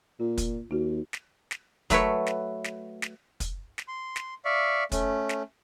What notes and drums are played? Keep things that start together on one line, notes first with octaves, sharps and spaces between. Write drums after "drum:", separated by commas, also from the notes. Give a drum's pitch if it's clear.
A#2 F4
drum: kick, hi-hat
D#2 D#4 F#4
drum: snare
drum: snare
F#3 A3 B4 C#5, drum: kick, hi-hat
drum: snare
drum: snare
drum: snare
drum: kick, hi-hat
drum: snare
C6
drum: snare
D5 E5 F5 C#6
A3 C#4, drum: kick, hi-hat
drum: snare